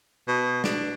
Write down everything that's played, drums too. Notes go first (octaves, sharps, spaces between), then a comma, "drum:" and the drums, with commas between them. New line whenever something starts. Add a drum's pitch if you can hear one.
B2
D4, drum: snare